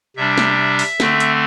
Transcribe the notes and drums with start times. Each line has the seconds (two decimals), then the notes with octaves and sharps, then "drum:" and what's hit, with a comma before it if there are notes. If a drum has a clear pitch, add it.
0.16 C3 G3 D4 E5
0.38 drum: snare
0.79 drum: open hi-hat
1.00 D3 A3 C4, drum: snare
1.20 drum: hi-hat